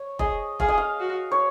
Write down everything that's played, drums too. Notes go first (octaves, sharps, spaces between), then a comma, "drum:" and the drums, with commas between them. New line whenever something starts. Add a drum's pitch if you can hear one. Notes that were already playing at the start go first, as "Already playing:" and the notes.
Already playing: C#5
G#4 D#5, drum: kick F1
G#4 F5, drum: kick F1
D#5
F5
F#4
C#5